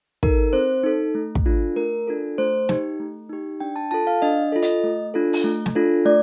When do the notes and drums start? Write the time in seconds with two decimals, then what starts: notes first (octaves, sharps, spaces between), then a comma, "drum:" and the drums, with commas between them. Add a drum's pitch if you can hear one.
0.23 D#4 A4 A#4, drum: kick
0.53 C4 C5
0.83 D#4 A4
1.15 A3
1.35 drum: kick
1.46 D4 F4 A4
1.76 A3 A#4
2.07 D4 F4 A4
2.38 A3 C5
2.69 D#4 G4, drum: snare
2.99 A3
3.29 D#4 G4
3.60 D4 G5
3.76 A5
3.91 F4 A4 A5
4.07 F5
4.22 D4 D#5
4.52 F4 A4
4.62 D#5, drum: hi-hat
4.84 A3
5.14 D4 F4 A4
5.33 drum: open hi-hat
5.44 A3
5.66 drum: snare
5.75 D4 F4 A4
6.05 A3 D5